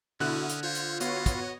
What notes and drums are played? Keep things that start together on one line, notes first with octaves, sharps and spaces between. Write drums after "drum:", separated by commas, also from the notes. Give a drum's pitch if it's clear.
B2 D3 C#4 E4 F#4 D#6 F6 F#6
drum: hi-hat
F4 C5 C#5
drum: hi-hat
B3 F4 F#4 B4 C#5 D#5 F5, drum: hi-hat
drum: kick, hi-hat